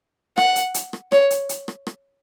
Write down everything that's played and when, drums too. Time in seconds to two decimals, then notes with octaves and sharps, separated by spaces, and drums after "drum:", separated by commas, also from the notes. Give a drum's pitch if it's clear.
0.38 F#5, drum: rim click
0.56 drum: hi-hat
0.74 drum: hi-hat
0.93 drum: rim click
1.12 C#5, drum: rim click
1.30 drum: hi-hat
1.49 drum: hi-hat
1.68 drum: rim click
1.87 drum: rim click